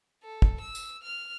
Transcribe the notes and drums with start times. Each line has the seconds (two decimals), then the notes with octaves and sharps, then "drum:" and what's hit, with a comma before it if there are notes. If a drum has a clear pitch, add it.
0.23 A4
0.42 drum: kick
0.61 E6
0.75 drum: tambourine
1.03 F6